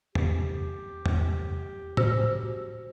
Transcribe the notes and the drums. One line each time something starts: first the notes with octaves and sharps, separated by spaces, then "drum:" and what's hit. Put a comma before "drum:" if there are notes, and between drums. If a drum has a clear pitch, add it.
G4, drum: tom E2
drum: tom E2
F#4 C5 E6, drum: tom A2